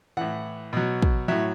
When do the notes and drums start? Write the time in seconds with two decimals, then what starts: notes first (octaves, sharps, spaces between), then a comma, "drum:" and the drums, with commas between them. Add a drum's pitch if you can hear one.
0.17 A2 E3 F#5
0.73 B2 F#3
1.02 drum: kick
1.28 A2 F#3 E5